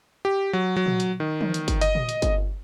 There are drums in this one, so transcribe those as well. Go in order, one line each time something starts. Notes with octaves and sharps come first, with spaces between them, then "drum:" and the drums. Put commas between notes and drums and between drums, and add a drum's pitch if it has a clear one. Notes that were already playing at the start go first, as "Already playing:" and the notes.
G4
F#3
F#3
drum: tom A#2
drum: hi-hat
D#3
drum: tom
drum: hi-hat
drum: kick G1, hi-hat
D#5, drum: hi-hat
drum: tom A#2
drum: hi-hat
drum: kick G1, hi-hat